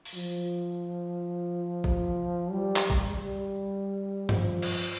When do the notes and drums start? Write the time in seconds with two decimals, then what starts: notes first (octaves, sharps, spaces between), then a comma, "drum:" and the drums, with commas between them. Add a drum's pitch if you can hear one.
0.05 drum: open hi-hat
0.15 F3
1.84 drum: kick
2.51 G3
2.76 drum: clap
2.90 drum: kick
3.11 G3
4.29 F3, drum: tom G2
4.62 drum: cymbal